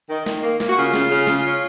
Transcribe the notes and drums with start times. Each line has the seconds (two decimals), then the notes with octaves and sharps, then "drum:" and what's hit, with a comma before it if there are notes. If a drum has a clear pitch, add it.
0.09 D#3
0.26 D#3, drum: snare
0.43 A#3
0.60 A#3, drum: snare
0.69 F#4
0.76 C#3 F4
0.94 C#3, drum: snare
1.10 C#3
1.27 C#3, drum: snare
1.44 C#4